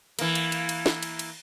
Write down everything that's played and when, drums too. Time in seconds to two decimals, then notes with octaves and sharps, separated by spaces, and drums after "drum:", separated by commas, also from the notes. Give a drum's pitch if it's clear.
0.19 E3 A#3, drum: cymbal
0.35 drum: cymbal
0.52 drum: cymbal
0.69 drum: cymbal
0.86 drum: snare
1.03 drum: cymbal
1.19 drum: cymbal